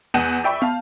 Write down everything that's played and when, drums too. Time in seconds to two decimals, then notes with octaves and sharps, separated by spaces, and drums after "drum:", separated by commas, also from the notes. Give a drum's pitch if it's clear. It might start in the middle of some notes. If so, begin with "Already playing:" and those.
0.14 E2 F#5 G6 D#7 E7
0.44 D5 E5 G5 B5 C#6
0.62 F5 A5, drum: tom